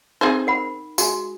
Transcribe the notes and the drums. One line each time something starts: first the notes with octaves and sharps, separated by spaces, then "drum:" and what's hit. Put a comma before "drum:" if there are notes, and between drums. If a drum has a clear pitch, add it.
C4 D#4 G#4 C5
A#4 F#5 B5
G#3 F#4, drum: tambourine